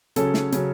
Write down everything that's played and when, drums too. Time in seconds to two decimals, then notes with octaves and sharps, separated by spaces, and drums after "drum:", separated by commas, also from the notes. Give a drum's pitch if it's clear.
0.16 C#3 F#3 C#4 A4, drum: hi-hat
0.34 drum: snare
0.52 C#3 F#3 C#4, drum: hi-hat